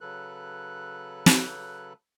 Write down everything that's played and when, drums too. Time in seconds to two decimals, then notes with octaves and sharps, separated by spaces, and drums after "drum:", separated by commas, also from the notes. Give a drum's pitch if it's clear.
0.01 C#3 F#3 A4 B4 F#6
1.26 drum: snare